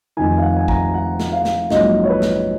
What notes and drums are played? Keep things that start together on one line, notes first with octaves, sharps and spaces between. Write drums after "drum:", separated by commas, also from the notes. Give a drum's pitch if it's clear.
F1 F2 D#3 G#5
F5
F#5
G#5
A#5, drum: kick
F#5
drum: snare
F5
drum: snare
A#1 G#2 F#3 C#4 D#5, drum: snare
C#5
B4
drum: snare